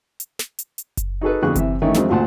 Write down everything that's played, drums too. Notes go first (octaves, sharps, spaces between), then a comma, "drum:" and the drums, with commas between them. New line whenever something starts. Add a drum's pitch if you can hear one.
drum: hi-hat
drum: snare
drum: hi-hat
drum: hi-hat
drum: kick F#1, hi-hat
D#4 F#4 G#4 A4 B4
F2 B2 D3 G#4 C#6 F#6
C3 E3 E5, drum: kick F#1, hi-hat
D#3 E3 A3 C#4 D#4 E4
F2 F#3 G#3 A3 C4 D4, drum: snare
A1 D2 A#2 C5 F#5 A5